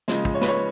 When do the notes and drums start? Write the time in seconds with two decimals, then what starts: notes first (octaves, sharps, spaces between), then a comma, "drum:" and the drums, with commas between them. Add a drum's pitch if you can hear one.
0.08 C#3 F3 G#3, drum: snare
0.25 drum: kick
0.35 C#5
0.41 B4, drum: snare
0.48 C#5